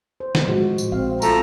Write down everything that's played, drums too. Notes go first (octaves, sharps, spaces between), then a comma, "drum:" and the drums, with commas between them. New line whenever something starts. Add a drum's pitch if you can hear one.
C5
drum: snare
A2 F3 G#3 F#4
drum: tambourine
A#1 C4 F5
F3 A3 A#5, drum: tambourine